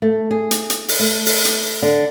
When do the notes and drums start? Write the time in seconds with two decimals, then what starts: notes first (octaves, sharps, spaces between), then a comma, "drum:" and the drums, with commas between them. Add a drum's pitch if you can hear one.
0.02 A3
0.31 G#4
0.51 drum: hi-hat
0.70 drum: hi-hat
0.88 drum: open hi-hat
1.00 A3
1.26 drum: open hi-hat
1.45 drum: hi-hat
1.82 D3